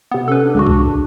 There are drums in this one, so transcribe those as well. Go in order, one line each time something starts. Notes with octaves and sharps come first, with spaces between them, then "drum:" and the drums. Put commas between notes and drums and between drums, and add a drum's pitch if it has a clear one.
C3 B3
C#4 A4 B4
D4
C#2 C#3 F#4
drum: kick C2